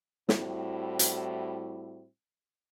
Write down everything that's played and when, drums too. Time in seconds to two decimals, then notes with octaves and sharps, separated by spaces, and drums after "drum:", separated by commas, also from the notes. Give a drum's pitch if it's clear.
0.29 A2 G3 C4 E4 F#4, drum: snare
0.99 drum: hi-hat